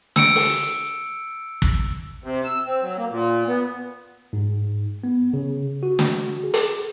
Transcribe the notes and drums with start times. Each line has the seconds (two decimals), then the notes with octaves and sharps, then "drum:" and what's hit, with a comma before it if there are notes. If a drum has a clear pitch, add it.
0.16 E6 C#7 D7, drum: snare
0.36 drum: open hi-hat
1.62 drum: kick
2.24 C3
2.44 E6
2.66 C4
2.83 F#3
2.98 A#3
3.11 A#2
3.47 B3
4.33 G#2
5.04 B3
5.33 C#3
5.83 F#4
5.99 drum: snare
6.44 G#4
6.54 drum: hi-hat